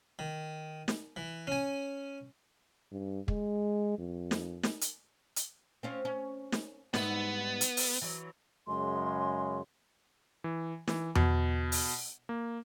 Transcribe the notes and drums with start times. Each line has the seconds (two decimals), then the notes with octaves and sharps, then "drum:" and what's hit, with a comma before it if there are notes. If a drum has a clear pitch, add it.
0.19 D#3
0.88 drum: snare
1.16 E3
1.47 C#4 G#5
2.92 G2
3.28 G#3, drum: kick
3.98 F2
4.31 drum: snare
4.63 drum: snare
4.81 drum: hi-hat
5.36 drum: hi-hat
5.83 C4 C#4 F4
6.05 C#4
6.52 drum: snare
6.94 G#2 G3 B3 E4, drum: snare
7.61 drum: hi-hat
7.77 drum: open hi-hat
8.02 E3 F#3
8.67 F#2 C#3 G#3 C6
10.44 E3
10.88 E3, drum: snare
11.15 B2, drum: tom E2
11.72 drum: open hi-hat
12.29 A#3